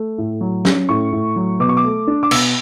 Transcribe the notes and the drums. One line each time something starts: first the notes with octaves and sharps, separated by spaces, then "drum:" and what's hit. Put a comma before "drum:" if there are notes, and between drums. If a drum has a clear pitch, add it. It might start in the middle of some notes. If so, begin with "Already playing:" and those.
Already playing: A3
A2
F#3
C#4, drum: snare
A2 C#6
A2
F#3
B2 D6
C#6
D6
A3
D4
D6
B2 E6, drum: cymbal